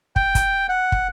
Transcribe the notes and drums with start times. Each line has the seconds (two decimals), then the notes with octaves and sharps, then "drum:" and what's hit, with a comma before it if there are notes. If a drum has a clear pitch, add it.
0.16 G5, drum: kick
0.35 drum: kick, hi-hat
0.69 F#5
0.92 drum: kick